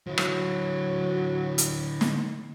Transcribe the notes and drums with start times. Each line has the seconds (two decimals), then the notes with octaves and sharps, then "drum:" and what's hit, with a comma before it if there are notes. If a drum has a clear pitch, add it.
0.07 D3 F#3 E4
0.18 drum: rim click
1.58 drum: hi-hat
2.01 drum: snare